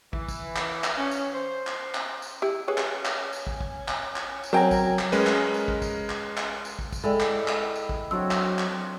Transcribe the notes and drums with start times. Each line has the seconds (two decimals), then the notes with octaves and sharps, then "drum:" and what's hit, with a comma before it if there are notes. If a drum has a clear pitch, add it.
0.13 E3, drum: kick
0.28 drum: kick, tambourine
0.56 drum: clap
0.84 drum: clap
0.98 C#4
1.11 drum: tambourine
1.34 C5
1.67 drum: clap
1.94 drum: clap
2.22 drum: tambourine
2.42 E4 G4
2.68 C#4 G#4 B4 C#5
2.77 drum: clap
3.05 drum: clap
3.33 drum: tambourine
3.47 drum: kick
3.61 drum: kick
3.88 drum: clap
4.16 drum: clap
4.44 drum: tambourine
4.53 F#3 C4 C#4 A#4 C5 G5 G#5 A#5
4.71 drum: kick, tambourine
4.99 drum: clap
5.12 G#3 C#4 A#4 B4 D#5
5.27 drum: clap
5.54 drum: tambourine
5.68 drum: kick
5.82 drum: kick, tambourine
6.10 drum: clap
6.37 drum: clap
6.65 drum: tambourine
6.79 drum: kick
6.93 drum: kick, tambourine
7.04 G#3 E4 A4 D5 E5 G5
7.20 drum: clap
7.48 drum: clap
7.76 drum: tambourine
7.89 drum: kick
8.11 F#3 C4 D4 A4 E6
8.31 drum: clap
8.59 drum: clap